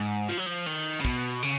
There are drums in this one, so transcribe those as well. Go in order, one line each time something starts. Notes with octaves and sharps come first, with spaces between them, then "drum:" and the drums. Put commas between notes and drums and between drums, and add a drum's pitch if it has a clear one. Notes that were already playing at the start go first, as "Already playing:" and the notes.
Already playing: G#2
F3
F#3
F3
D#3, drum: cymbal
C#3
B2, drum: kick, cymbal
C#3, drum: cymbal